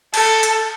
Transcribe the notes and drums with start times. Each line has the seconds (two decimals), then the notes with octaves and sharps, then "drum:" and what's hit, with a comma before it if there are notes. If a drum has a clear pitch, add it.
0.14 A4, drum: cymbal
0.43 drum: hi-hat